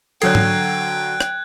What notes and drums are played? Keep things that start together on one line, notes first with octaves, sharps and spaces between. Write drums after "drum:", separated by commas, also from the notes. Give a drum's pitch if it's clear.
D3 F#3 A4 C#5 G5 F#6 G#6 C7, drum: cymbal
drum: tom G#2
drum: rim click